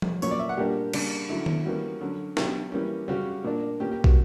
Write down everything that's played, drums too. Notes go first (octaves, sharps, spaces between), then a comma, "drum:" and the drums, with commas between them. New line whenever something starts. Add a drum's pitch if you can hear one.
drum: tom F3
A#2 F#3 C#4 C#5, drum: tambourine
D5
E5
F#5
A#2 G3 A#3 D4 G4
C#3 G3 A#3 D4, drum: cymbal
D3 F#3 C#4 E4
drum: tom D#3
E3 G3 A#3 C#4 F#4
D3 F#3 C#4
B2 F#3 C#4 G4, drum: snare
E3 G3 A#3 C#4
C#3 G3 C#4 F#4
A#2 A#3 D4
A#2 A#3 C#4 G4
G4
F#4, drum: kick